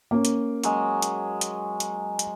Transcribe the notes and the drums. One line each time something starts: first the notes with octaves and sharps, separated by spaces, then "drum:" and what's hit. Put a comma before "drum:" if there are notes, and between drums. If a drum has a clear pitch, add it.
A#3 C#4
drum: hi-hat
F#3 G#3, drum: hi-hat
drum: hi-hat
drum: hi-hat
drum: hi-hat
drum: hi-hat